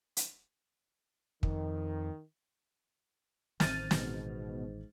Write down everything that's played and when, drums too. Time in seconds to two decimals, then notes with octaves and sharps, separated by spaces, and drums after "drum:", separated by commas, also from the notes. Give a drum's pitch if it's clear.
0.17 drum: hi-hat
1.43 F2 D#3, drum: kick
3.60 A1 D#3 C4 F6 A6 D#7, drum: snare
3.91 G#2 B2, drum: snare